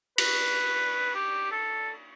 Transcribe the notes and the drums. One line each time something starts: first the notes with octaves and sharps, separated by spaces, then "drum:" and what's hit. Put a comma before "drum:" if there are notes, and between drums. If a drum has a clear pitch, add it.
B4, drum: cymbal
G4
A4